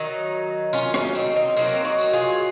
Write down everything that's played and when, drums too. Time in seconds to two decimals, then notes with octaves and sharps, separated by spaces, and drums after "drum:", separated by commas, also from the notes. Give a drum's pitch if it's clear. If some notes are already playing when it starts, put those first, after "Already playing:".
Already playing: D#3 F#3 D#4
0.73 C#4 F4, drum: tambourine
0.94 C#4 F4, drum: rim click
1.15 C4 D#4, drum: tambourine
1.36 C4 D#4
1.57 D#3 F#3 A#3 C4 D#4, drum: tambourine
1.84 D#4 F#4
1.99 drum: tambourine
2.13 F4 G#4